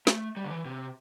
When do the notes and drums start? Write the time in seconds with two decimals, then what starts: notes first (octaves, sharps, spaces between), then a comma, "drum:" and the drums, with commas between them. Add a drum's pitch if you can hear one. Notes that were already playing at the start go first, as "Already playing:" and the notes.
0.07 A3, drum: snare
0.37 G3
0.44 D3
0.50 E3
0.65 C3